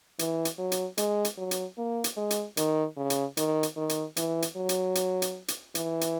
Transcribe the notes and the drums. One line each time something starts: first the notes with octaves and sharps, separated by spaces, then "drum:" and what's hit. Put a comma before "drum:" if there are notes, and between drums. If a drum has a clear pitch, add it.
E3, drum: hi-hat
drum: hi-hat
F#3
drum: hi-hat
G#3, drum: hi-hat
drum: hi-hat
F#3
drum: hi-hat
A#3
drum: hi-hat
G#3
drum: hi-hat
D#3, drum: hi-hat
C#3
drum: hi-hat
D#3, drum: hi-hat
drum: hi-hat
D#3
drum: hi-hat
E3, drum: hi-hat
drum: hi-hat
F#3
drum: hi-hat
drum: hi-hat
drum: hi-hat
drum: hi-hat
E3, drum: hi-hat
drum: hi-hat